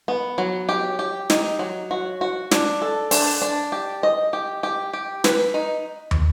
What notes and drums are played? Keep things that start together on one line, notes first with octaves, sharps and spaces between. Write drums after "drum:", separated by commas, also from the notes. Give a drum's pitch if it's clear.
B3
F#3
G4
G4
D#4, drum: snare
F#3
F#4
F#4
D4, drum: snare
A4
D4, drum: open hi-hat
D4
G4
D#5
G4
G4
G4
B4, drum: snare
D#4
drum: tom